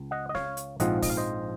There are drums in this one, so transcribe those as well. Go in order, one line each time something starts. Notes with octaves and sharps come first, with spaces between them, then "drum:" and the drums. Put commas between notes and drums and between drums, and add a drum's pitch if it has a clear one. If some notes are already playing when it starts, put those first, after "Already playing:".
Already playing: C#2
D#5 F#5
D#5
C#5 F5, drum: snare
drum: hi-hat
A#1 G#2 F3 C4 F4 D#5 F#5, drum: hi-hat
D#5, drum: kick, open hi-hat
F5
C5 D#5